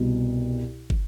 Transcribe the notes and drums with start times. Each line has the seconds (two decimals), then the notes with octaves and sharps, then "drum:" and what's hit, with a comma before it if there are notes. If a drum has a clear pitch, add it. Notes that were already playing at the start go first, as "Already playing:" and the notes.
Already playing: C2 B2
0.90 drum: kick